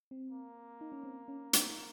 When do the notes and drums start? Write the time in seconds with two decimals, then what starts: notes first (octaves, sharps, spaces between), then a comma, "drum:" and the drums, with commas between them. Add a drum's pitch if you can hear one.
0.11 C4
0.30 A#3
0.81 D#4
0.92 C#4
1.04 C4
1.28 C#4
1.53 D#4, drum: hi-hat
1.69 D#4